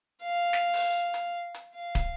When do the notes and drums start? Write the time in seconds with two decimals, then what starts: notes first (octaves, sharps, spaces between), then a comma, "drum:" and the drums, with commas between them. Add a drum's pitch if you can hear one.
0.23 F5
0.53 drum: snare
0.73 drum: open hi-hat
1.14 drum: hi-hat
1.54 drum: hi-hat
1.75 F5
1.95 drum: kick, hi-hat